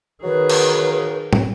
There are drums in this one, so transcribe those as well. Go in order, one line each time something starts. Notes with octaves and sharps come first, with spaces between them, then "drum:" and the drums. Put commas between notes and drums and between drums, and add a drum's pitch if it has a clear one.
D#3 F#3 G#4 B4
drum: cymbal
drum: tom